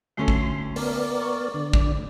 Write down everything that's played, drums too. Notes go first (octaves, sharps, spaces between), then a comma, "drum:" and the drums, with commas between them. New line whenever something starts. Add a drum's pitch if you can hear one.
D2 C#4 A4 C6
drum: kick
B3 A#4 D5, drum: open hi-hat
C#6
D3 D5
drum: kick